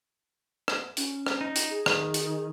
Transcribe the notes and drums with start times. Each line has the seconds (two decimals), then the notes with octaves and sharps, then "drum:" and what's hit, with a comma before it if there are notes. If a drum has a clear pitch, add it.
0.68 drum: rim click
0.97 C#4, drum: hi-hat
1.26 drum: rim click
1.41 D#4
1.56 drum: hi-hat
1.70 G#4
1.86 D#3, drum: rim click
2.14 drum: hi-hat